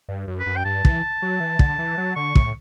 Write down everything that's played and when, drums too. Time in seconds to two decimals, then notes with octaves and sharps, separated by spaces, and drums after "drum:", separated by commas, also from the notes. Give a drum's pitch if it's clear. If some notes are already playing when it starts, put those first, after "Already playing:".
0.09 G2
0.28 F#2
0.40 B4
0.46 F#2
0.57 G5
0.65 G2 A5
0.85 E3, drum: kick
1.22 F#3
1.40 E3
1.59 D3, drum: kick
1.79 E3
1.98 F#3
2.16 D3 C#6
2.35 A2, drum: kick